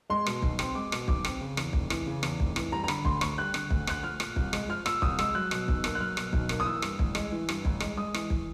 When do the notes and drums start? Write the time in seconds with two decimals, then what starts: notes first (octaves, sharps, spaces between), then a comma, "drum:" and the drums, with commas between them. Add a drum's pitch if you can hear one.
0.10 G#3 C6
0.26 B2, drum: rim click
0.42 B1, drum: kick
0.59 C4, drum: rim click
0.75 G#3 D6
0.92 B2, drum: rim click
1.08 B1 D6, drum: kick
1.25 C4, drum: rim click
1.41 C#3
1.57 E2, drum: rim click
1.73 F1, drum: kick
1.90 E3, drum: rim click
2.07 C#3
2.23 E2, drum: rim click
2.40 F1, drum: kick
2.56 E3, drum: rim click
2.72 G3 A#5
2.84 A#5
2.88 D3 B5, drum: rim click
3.05 D2 C6, drum: kick
3.21 D2 C#6, drum: rim click
3.38 G3 F#6
3.54 D3, drum: rim click
3.70 D2, drum: kick
3.87 D2 F#6, drum: rim click
4.03 F3 F6
4.20 A#2, drum: rim click
4.36 C2, drum: kick
4.53 G#3, drum: rim click
4.69 F3 F6
4.86 A#2 E6, drum: rim click
5.02 C2 D#6, drum: kick
5.19 G#3 E6, drum: rim click
5.35 F#3 F#6
5.51 B2, drum: rim click
5.68 B1, drum: kick
5.84 A#3, drum: rim click
5.95 F#6
6.00 F#3 F6
6.17 B2, drum: rim click
6.33 B1, drum: kick
6.49 A#3, drum: rim click
6.60 D#6
6.66 E3 E6
6.82 G2, drum: rim click
6.99 A1, drum: kick
7.15 G#3, drum: rim click
7.32 E3
7.49 G2, drum: rim click
7.65 A1, drum: kick
7.80 G#3, drum: rim click
7.97 G#3 D#6
8.14 E3, drum: rim click
8.30 drum: kick